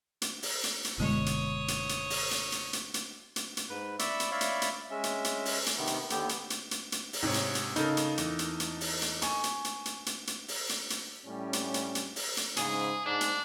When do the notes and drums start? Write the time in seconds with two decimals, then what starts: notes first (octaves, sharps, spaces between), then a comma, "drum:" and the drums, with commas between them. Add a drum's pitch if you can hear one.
0.22 drum: hi-hat
0.43 drum: open hi-hat
0.63 drum: hi-hat
0.84 drum: hi-hat
0.98 F#1 B2 D3 G#3 E4 C#5 D#6
1.26 drum: hi-hat
1.68 drum: hi-hat
1.89 drum: hi-hat
2.10 drum: open hi-hat
2.31 drum: hi-hat
2.52 drum: hi-hat
2.73 drum: hi-hat
2.94 drum: hi-hat
3.36 drum: hi-hat
3.57 drum: hi-hat
3.69 G#2 B4
3.99 D5 E5 B5 C#6 E6, drum: hi-hat
4.20 drum: hi-hat
4.32 C#5 D5 E5 F5 B5 C#6
4.41 drum: hi-hat
4.62 drum: hi-hat
4.91 G#3 C#4 E5
5.04 drum: hi-hat
5.24 drum: hi-hat
5.45 drum: open hi-hat
5.66 drum: hi-hat
5.78 C3 D#3 B3
5.87 drum: hi-hat
6.10 D#2 D3 B3 G4, drum: hi-hat
6.29 drum: hi-hat
6.50 drum: hi-hat
6.71 drum: hi-hat
6.92 drum: hi-hat
7.13 drum: open hi-hat
7.23 G#2 C3 C#5
7.34 drum: hi-hat
7.55 drum: hi-hat
7.76 C#3 D#4 A4 A#4, drum: hi-hat
7.97 drum: hi-hat
8.18 E2, drum: hi-hat
8.39 drum: hi-hat
8.60 drum: hi-hat
8.81 drum: open hi-hat
9.02 drum: hi-hat
9.22 G#5 C#6, drum: hi-hat
9.44 drum: hi-hat
9.64 drum: hi-hat
9.85 drum: hi-hat
10.06 drum: hi-hat
10.27 drum: hi-hat
10.48 drum: open hi-hat
10.69 drum: hi-hat
10.90 drum: hi-hat
11.27 A2 G3 C#4
11.53 drum: hi-hat
11.74 drum: hi-hat
11.95 drum: hi-hat
12.16 drum: open hi-hat
12.37 drum: hi-hat
12.57 G#2 C#3 G#4, drum: hi-hat
13.06 G#2 D4
13.21 drum: hi-hat